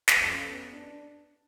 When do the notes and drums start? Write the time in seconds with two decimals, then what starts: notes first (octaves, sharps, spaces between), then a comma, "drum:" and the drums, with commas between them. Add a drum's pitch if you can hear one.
0.08 drum: snare
0.17 E2
0.21 F2 C#4
0.47 B3
0.73 D4